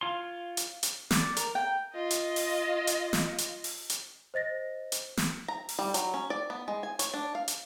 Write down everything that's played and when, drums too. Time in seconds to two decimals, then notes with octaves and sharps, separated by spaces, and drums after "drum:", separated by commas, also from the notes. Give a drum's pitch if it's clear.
0.01 F4 C#5 C6
0.57 drum: hi-hat
0.83 drum: hi-hat
1.11 D5, drum: snare
1.37 A#4, drum: hi-hat
1.55 G5
1.94 F4 D#5
2.11 drum: hi-hat
2.36 drum: open hi-hat
2.87 drum: hi-hat
3.13 drum: snare
3.38 drum: hi-hat
3.64 drum: open hi-hat
3.90 drum: hi-hat
4.34 C5 D#5 A6 A#6
4.92 drum: hi-hat
5.17 drum: snare
5.48 A#5
5.69 drum: open hi-hat
5.79 G3
5.94 F#3, drum: hi-hat
6.14 C#4
6.30 D5
6.50 B3
6.68 G#3
6.83 G#5
6.99 C#5, drum: hi-hat
7.14 D4
7.35 F5
7.48 drum: hi-hat